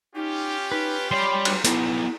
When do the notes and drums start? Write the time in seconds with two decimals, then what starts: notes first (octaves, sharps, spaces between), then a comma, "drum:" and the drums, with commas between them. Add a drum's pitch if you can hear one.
0.15 C#4 D#4 F4 G4
0.72 D#4 B4
1.11 G3 C#5 B5 C6
1.45 drum: cymbal
1.65 B3 D#4 E4, drum: hi-hat